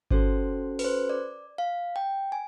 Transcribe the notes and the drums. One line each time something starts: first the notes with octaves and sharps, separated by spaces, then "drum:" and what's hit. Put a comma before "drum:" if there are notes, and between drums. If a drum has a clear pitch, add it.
C#4 F#4 A4 C5, drum: kick G1
B4, drum: open hi-hat
C5
D5
F5
G5
G#5